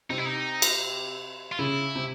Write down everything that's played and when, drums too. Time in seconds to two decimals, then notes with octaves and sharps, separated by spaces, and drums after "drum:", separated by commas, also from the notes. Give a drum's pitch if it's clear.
0.10 C3 D#4
0.18 E4
0.25 D#4
0.62 drum: cymbal
1.52 F4
1.59 C#3 E4
1.95 C3